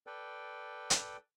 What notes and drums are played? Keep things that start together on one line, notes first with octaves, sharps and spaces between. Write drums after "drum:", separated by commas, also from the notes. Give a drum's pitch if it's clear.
A4 B4 D5 G5
drum: hi-hat